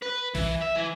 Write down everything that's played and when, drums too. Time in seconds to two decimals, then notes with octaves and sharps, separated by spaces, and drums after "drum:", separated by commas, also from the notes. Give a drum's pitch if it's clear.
0.02 B4
0.35 E3, drum: kick A#1, open hi-hat
0.62 E5
0.77 E3